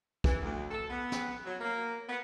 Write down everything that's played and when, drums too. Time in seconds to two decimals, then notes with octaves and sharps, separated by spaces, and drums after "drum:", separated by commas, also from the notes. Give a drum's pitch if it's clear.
0.24 E3, drum: kick
0.42 D2
0.71 A4
0.90 B3
1.12 drum: snare
1.45 F#3
1.61 A#3
2.09 B3